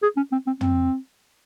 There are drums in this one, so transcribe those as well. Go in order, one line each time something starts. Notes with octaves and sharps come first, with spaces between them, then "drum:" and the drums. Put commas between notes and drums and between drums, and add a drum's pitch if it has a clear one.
G#4
C#4
C4
C4
C4, drum: tom